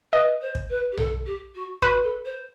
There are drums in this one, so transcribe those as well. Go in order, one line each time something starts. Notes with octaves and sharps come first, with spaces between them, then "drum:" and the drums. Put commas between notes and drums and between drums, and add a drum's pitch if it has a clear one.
B4 D#5
C5
drum: kick
B4
G4
A4, drum: tom B1
G4
F#4
F#4 B4, drum: kick
A4
C5